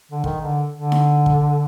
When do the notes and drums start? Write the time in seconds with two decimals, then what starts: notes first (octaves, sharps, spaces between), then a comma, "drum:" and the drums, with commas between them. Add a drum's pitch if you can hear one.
0.11 D3
0.24 D#3, drum: kick
0.41 D3
0.74 D3
0.92 drum: snare D#4
1.26 drum: kick